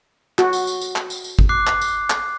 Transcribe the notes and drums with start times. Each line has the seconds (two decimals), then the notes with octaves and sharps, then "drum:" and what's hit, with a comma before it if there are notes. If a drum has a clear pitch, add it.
0.39 F#4, drum: clap
0.53 drum: tambourine
0.67 drum: tambourine
0.81 drum: tambourine
0.96 drum: clap
1.10 drum: tambourine
1.24 drum: tambourine
1.39 drum: kick G1
1.49 D6 F#6 C7
1.67 drum: clap
1.81 drum: tambourine
2.10 drum: clap